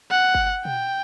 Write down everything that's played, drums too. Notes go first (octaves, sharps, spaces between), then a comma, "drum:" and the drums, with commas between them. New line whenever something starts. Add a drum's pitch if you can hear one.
F#5
drum: kick G1
G5, drum: tom